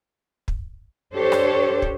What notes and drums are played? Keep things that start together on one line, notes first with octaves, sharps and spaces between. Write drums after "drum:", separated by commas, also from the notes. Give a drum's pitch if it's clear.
drum: kick
D4 G4 A4 C5 C#5
drum: rim click
drum: kick